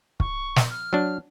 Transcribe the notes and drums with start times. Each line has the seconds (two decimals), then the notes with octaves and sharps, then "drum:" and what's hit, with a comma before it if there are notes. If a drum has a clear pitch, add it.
0.20 C#6, drum: kick
0.56 drum: snare
0.71 F6
0.93 F#3 D4